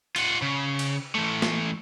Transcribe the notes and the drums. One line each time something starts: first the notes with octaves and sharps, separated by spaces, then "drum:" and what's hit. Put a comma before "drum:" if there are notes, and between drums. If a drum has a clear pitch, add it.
F4 F#5, drum: cymbal
C#3
drum: cymbal
E3 A3
drum: snare A#3